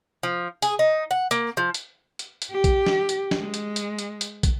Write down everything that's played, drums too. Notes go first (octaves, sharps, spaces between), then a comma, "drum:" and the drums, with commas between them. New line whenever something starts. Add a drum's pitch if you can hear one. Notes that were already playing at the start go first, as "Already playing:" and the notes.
F3
G#4, drum: hi-hat
D#4
F#5
A#3, drum: hi-hat
F3
drum: hi-hat
drum: hi-hat
drum: hi-hat
G4
drum: kick, hi-hat
drum: snare
drum: hi-hat
drum: snare
G#3
drum: hi-hat
drum: hi-hat
drum: hi-hat
drum: hi-hat
drum: kick, hi-hat